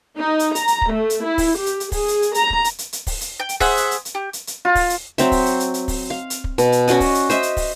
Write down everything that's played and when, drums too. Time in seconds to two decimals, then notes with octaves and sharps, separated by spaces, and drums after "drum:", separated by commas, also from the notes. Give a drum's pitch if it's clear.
0.17 D#4
0.39 drum: hi-hat
0.55 A#5, drum: hi-hat
0.68 drum: hi-hat
0.82 drum: kick
0.92 A3
1.10 drum: hi-hat
1.24 E4
1.38 drum: kick, open hi-hat
1.57 G4
1.66 drum: hi-hat
1.80 drum: hi-hat
1.92 G#4, drum: kick, open hi-hat
2.08 drum: hi-hat
2.22 drum: hi-hat
2.34 A#5, drum: hi-hat
2.50 drum: kick
2.64 drum: hi-hat
2.79 drum: hi-hat
2.93 drum: hi-hat
3.07 drum: kick, open hi-hat
3.21 drum: hi-hat
3.40 G5
3.49 drum: hi-hat
3.60 G#4 C5 E5 F#5, drum: kick, open hi-hat
3.77 drum: hi-hat
3.91 drum: hi-hat
4.05 drum: hi-hat
4.15 G4
4.33 drum: hi-hat
4.47 drum: hi-hat
4.65 F4
4.75 drum: kick, open hi-hat
4.89 drum: hi-hat
5.18 F#3 C4 E5, drum: hi-hat
5.32 drum: kick, open hi-hat
5.46 drum: hi-hat
5.60 drum: hi-hat
5.74 drum: hi-hat
5.88 drum: kick, open hi-hat
6.10 F5
6.30 drum: hi-hat
6.44 drum: kick
6.58 B2, drum: hi-hat
6.72 drum: hi-hat
6.88 C#4 F#4 D5 D#5, drum: hi-hat
7.00 drum: kick, open hi-hat
7.14 drum: hi-hat
7.30 C5 D#5 E5, drum: hi-hat
7.43 drum: hi-hat
7.57 drum: kick, open hi-hat